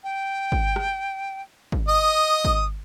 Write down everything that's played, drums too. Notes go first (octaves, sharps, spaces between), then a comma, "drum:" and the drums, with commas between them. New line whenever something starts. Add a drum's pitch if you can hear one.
G5
drum: kick
drum: rim click
drum: kick
D#5 D#6
drum: kick